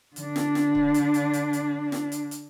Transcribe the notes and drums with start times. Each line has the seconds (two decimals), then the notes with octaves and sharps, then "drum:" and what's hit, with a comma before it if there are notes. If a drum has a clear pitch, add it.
0.16 D3 D4, drum: hi-hat
0.36 drum: snare
0.55 drum: snare
0.75 drum: kick C#1
0.94 drum: hi-hat
1.14 drum: hi-hat
1.33 drum: hi-hat
1.53 drum: hi-hat
1.92 drum: snare
2.12 drum: hi-hat
2.31 drum: hi-hat